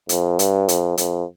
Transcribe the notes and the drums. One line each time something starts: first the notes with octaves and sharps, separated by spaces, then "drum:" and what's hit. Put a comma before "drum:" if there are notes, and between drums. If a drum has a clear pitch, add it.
F2, drum: hi-hat
G2, drum: hi-hat
F2, drum: hi-hat
F2, drum: hi-hat